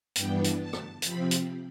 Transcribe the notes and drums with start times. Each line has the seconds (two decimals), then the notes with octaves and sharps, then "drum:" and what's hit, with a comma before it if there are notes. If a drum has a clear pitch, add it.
0.15 G2 E3 B3 D4 G5, drum: hi-hat
0.44 drum: hi-hat
0.59 A5
0.73 drum: rim click
1.02 C3 F3 C4 B5, drum: hi-hat
1.31 drum: hi-hat